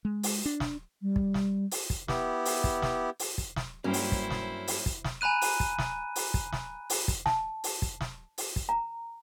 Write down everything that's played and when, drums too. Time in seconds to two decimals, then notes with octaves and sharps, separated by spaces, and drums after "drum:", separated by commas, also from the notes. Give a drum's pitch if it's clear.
0.05 G#3
0.23 drum: open hi-hat
0.46 D4
0.60 drum: snare
1.02 G3
1.16 drum: kick
1.34 drum: snare
1.71 drum: open hi-hat
1.90 drum: kick
2.08 B3 E4 G4, drum: snare
2.45 drum: open hi-hat
2.64 drum: kick
2.82 drum: snare
3.19 drum: open hi-hat
3.38 drum: kick
3.56 drum: snare
3.84 G2 F#3 A#3 C#4 E4 C5 G5
3.93 drum: open hi-hat
4.12 drum: kick
4.30 drum: snare
4.67 drum: open hi-hat
4.86 drum: kick
5.05 drum: snare
5.21 G#5 A#5 B5 F#6 D#7
5.42 drum: open hi-hat
5.60 drum: kick
5.79 drum: snare
6.16 drum: open hi-hat
6.34 drum: kick
6.53 drum: snare
6.90 drum: open hi-hat
7.08 drum: kick
7.26 A5, drum: snare
7.64 drum: open hi-hat
7.82 drum: kick
8.01 drum: snare
8.38 drum: open hi-hat
8.56 drum: kick
8.69 A#5